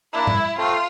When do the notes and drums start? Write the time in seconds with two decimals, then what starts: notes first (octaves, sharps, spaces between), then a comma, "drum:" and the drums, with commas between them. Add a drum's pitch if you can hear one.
0.13 A#3 D4 E4
0.27 drum: tom G#2
0.58 A3 C4 F4